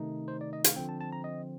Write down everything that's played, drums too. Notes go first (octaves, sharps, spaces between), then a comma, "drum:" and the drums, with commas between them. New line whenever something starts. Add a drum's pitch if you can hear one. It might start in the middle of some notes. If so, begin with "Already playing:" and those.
Already playing: C3 D#3 A3 D#4
C5
D5
D#5
F5, drum: hi-hat
D3 F3 C4 G5
A5
A5
A#5
D#5